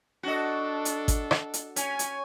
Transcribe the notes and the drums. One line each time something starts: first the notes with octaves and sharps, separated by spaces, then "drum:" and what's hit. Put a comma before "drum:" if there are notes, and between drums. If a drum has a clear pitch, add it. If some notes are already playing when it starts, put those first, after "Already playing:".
D4 F#4 A4 D#5
drum: hi-hat
drum: kick G#1, hi-hat
drum: rim click
drum: hi-hat
C#4 G#5, drum: hi-hat
drum: hi-hat